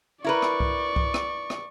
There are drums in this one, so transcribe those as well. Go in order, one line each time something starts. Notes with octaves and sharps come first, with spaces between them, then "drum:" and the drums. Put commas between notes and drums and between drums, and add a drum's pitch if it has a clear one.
E4 A#4 B4 D5 C#6
drum: rim click
drum: kick C2
drum: kick C2
drum: rim click
drum: rim click